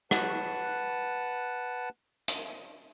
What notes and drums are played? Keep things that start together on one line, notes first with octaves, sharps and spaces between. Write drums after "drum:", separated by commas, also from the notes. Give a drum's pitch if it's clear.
B4 F#5 A5, drum: rim click
drum: hi-hat